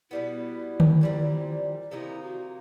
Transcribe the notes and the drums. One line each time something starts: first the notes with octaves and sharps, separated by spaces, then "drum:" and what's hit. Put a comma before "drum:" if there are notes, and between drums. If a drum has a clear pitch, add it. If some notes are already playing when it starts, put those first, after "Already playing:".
B2 G3 B3 E4
drum: tom D3
A#2 G3 C4
C3 F3 A#3 D#4 E4
F#4